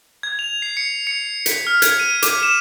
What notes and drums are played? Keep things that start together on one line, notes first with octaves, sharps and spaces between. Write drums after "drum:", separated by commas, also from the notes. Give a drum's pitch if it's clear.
G#6
F7
C7
C#7
C#7
B6, drum: hi-hat
F6
G#6, drum: hi-hat
D#7
D6, drum: hi-hat
E7